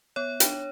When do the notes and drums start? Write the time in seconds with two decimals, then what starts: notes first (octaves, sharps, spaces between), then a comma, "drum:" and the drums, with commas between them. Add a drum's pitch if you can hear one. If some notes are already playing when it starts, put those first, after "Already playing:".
0.16 B3 C#5
0.40 D4, drum: hi-hat